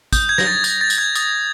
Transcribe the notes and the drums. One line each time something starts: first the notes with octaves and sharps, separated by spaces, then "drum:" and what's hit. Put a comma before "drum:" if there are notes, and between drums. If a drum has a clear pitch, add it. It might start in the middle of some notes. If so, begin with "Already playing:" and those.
D#6 G6, drum: kick A1, tambourine
G#6
G6 A#6, drum: snare
A6
D#6 G#6, drum: tambourine
A6
G6, drum: tambourine
G#6
D#6 A6, drum: tambourine